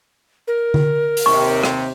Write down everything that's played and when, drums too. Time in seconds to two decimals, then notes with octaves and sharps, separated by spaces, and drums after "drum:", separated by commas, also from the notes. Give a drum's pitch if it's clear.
0.48 A#4
0.74 drum: tom D3
1.17 drum: open hi-hat
1.26 D#2 C3 C#6
1.64 drum: rim click